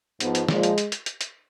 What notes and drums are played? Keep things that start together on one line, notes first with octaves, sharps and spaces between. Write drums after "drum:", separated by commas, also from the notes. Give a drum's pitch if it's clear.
G#2 F3 B3, drum: hi-hat
drum: hi-hat
A#2 F3 G#3, drum: snare
drum: hi-hat
drum: hi-hat
drum: hi-hat
drum: hi-hat
drum: hi-hat